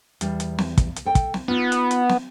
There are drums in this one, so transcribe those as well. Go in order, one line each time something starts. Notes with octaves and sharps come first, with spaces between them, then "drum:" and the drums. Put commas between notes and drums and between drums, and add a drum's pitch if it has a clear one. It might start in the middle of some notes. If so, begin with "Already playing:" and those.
E2 G3, drum: hi-hat
drum: hi-hat
drum: snare
drum: kick, hi-hat
drum: hi-hat
A4 G5
drum: kick, hi-hat
drum: snare
B3 D#4 F4
drum: hi-hat
drum: hi-hat
drum: snare